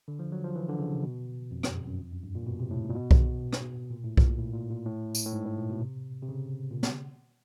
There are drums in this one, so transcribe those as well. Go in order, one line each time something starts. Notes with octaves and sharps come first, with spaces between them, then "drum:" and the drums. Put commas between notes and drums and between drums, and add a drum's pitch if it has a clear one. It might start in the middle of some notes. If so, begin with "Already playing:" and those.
D3
F3
F#3
F3
E3
D3
C#3
C3
B2
F2
F#2, drum: rim click
G2
F#2
F2
F#2
G2
A#2
B2
C3
A2
G#2
A#2
B2
drum: kick B1
drum: rim click
A#2
A2
A#2, drum: kick B1
A2
A#2
A#2
A2
drum: tambourine
A2
G#2
A2
A#2
B2
C3
C3
C#3
A#2
drum: snare